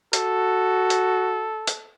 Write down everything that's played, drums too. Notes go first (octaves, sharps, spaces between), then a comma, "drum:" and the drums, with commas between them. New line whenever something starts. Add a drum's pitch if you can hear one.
F#4 A4, drum: hi-hat
drum: hi-hat
drum: hi-hat